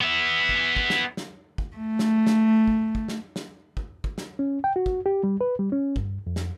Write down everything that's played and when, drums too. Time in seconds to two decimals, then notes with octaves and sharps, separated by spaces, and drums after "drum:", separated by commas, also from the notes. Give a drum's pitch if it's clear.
0.01 B3 E5
0.49 drum: kick
0.76 drum: kick
0.90 drum: snare
1.17 drum: snare
1.58 drum: kick
1.77 A3
1.99 drum: snare
2.27 drum: snare
2.68 drum: kick
2.95 drum: kick
3.08 drum: snare
3.36 drum: snare
3.77 drum: kick
4.04 drum: kick
4.18 drum: snare
4.39 C#4
4.64 G5
4.76 F#4
4.86 drum: kick
5.06 G4
5.23 G3
5.41 B4
5.59 G3
5.72 C#4
5.96 G2, drum: kick
6.27 F2
6.36 drum: snare